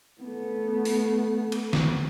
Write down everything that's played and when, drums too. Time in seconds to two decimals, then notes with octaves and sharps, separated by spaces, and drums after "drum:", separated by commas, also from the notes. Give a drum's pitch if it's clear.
0.22 A3 B3
0.85 drum: open hi-hat
1.52 drum: cymbal
1.73 drum: snare